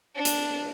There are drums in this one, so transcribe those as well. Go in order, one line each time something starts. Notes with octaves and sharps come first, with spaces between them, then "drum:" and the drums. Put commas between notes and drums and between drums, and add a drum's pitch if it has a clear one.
D4
drum: hi-hat